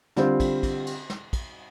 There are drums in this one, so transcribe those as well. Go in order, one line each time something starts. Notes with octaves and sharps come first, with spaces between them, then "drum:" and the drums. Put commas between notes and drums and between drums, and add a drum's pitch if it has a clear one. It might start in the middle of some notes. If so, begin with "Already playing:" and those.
D3 G3 C4 F4, drum: snare
drum: kick, cymbal
drum: kick, cymbal
drum: cymbal
drum: snare
drum: kick, cymbal